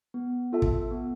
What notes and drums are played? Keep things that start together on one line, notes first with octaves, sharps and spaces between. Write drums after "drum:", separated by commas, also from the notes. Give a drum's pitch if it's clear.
B3
F4 A4 E5 A5
drum: kick
B3